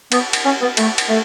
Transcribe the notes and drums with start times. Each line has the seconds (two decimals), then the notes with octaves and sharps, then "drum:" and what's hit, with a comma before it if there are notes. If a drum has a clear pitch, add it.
0.12 B3, drum: cymbal
0.33 drum: cymbal
0.45 C#4
0.61 B3
0.77 A3, drum: cymbal
0.98 drum: cymbal
1.08 A3